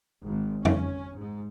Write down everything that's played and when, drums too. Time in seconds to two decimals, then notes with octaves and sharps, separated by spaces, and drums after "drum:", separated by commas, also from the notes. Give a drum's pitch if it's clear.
0.23 G#1
0.65 C#4, drum: tom
1.17 G#2